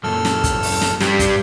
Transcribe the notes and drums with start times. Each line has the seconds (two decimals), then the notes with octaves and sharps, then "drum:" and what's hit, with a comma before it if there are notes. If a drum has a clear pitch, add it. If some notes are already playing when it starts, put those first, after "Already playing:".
0.04 F#2 A#2 A4 E6 F6
0.25 drum: snare
0.44 drum: kick, hi-hat
0.63 drum: open hi-hat
0.81 drum: snare
1.00 G2 G3, drum: snare
1.19 drum: kick, hi-hat